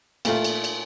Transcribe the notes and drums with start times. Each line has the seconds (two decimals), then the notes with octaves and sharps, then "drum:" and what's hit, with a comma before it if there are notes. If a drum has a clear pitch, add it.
0.25 A#2 A3 F4, drum: cymbal
0.44 drum: cymbal
0.64 drum: cymbal